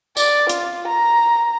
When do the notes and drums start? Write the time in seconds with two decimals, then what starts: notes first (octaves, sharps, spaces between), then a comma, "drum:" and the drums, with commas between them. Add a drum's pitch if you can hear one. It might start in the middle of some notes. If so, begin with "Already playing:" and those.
0.17 D5, drum: tambourine
0.50 F4, drum: hi-hat
0.87 A#5